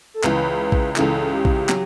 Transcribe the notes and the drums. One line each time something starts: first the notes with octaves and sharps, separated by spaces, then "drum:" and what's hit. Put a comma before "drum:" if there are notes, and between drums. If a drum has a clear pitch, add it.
A4
C#2 C#3 E3 B4, drum: clap
drum: kick A#1
C#2 C#3 E3 A4, drum: clap
G4
drum: kick A#1
F#3, drum: clap